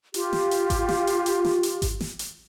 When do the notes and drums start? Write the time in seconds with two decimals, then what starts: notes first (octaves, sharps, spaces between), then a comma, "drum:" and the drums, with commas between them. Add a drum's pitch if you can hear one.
0.14 F4 G4, drum: hi-hat
0.33 drum: snare
0.51 drum: hi-hat
0.70 drum: kick G#1, hi-hat
0.89 drum: snare
1.07 drum: hi-hat
1.26 drum: hi-hat
1.45 drum: snare
1.63 drum: hi-hat
1.82 drum: kick G#1, hi-hat
2.01 drum: snare
2.19 drum: hi-hat